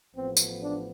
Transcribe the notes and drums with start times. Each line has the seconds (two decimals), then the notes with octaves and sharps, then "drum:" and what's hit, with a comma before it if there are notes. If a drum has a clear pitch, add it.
0.15 A1 A2 F3 B3 C4
0.37 drum: tambourine
0.61 D4